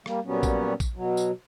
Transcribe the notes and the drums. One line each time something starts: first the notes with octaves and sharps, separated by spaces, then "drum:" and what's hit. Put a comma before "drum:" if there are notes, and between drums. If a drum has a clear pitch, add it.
G3 A#3, drum: rim click
A#2 F#3 G3 B3 C#4
drum: kick A#1, tambourine
drum: kick A#1, tambourine
B2 F#3
drum: tambourine